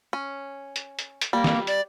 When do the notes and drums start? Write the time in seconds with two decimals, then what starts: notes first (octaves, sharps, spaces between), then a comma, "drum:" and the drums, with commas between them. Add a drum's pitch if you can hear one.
0.13 C#4
0.76 drum: hi-hat
0.99 drum: hi-hat
1.21 drum: hi-hat
1.33 G3 A#3
1.44 drum: snare
1.67 D5, drum: hi-hat